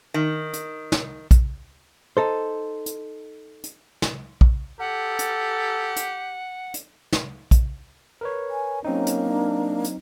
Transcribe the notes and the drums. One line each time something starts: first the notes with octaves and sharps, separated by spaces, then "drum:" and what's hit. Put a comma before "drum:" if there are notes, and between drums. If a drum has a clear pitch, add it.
D#3
drum: hi-hat
drum: snare
drum: kick A#1, hi-hat
D#4 A4 C5
drum: hi-hat
drum: hi-hat
drum: snare
drum: kick A#1
G4 A4 F#5
drum: hi-hat
drum: hi-hat
drum: hi-hat
drum: snare
drum: kick A#1, hi-hat
A#4 B4 C#5
G#5
F#3 A#3 C4 C#4 D#4
drum: hi-hat
D4
drum: hi-hat